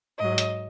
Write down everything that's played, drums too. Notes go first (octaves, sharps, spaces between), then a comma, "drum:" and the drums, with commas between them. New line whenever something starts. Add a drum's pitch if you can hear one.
G#2 F#3 D#5
drum: hi-hat